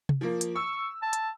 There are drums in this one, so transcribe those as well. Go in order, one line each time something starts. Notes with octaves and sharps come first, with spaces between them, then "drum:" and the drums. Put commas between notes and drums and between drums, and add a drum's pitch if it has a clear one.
drum: tom C3
F3 A#3
drum: hi-hat
C#6 E6
A5
drum: hi-hat